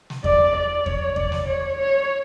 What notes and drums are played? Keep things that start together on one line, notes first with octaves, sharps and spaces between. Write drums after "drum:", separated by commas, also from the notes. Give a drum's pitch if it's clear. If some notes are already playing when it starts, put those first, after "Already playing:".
drum: snare
D5, drum: kick E2
D5
C#5, drum: kick E2
D5, drum: kick E2
drum: snare
C#5
C#5